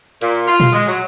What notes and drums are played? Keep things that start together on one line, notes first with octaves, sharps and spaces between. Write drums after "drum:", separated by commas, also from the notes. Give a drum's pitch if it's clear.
A#2, drum: hi-hat
F4
drum: tom A#2
G#3
F#3